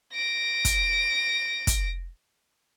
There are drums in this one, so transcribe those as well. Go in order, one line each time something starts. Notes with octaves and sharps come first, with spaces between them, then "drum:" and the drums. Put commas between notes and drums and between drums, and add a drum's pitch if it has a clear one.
A#6 D7
drum: kick, hi-hat
drum: kick, hi-hat